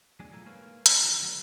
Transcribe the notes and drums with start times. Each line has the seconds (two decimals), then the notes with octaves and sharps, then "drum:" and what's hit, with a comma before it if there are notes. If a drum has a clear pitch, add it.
0.20 E2 F#3 A3 D4 G#4 G#5
0.32 B2 A3 F4 A4 G#5 A#5
0.46 G#2 G#3 A#3 B4 C#5 F5
0.86 C4, drum: hi-hat
1.02 D3 D#3 F#4
1.21 D3 F#3 A3 B3 A#5